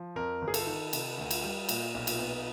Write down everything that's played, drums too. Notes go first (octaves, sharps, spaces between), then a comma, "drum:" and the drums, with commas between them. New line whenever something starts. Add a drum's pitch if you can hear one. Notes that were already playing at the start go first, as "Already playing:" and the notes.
Already playing: F3
F2 A#4
G1
G#4
A4, drum: cymbal
D#3
C3, drum: cymbal
D2
drum: cymbal
G3
A#2, drum: cymbal
B1
drum: cymbal
B3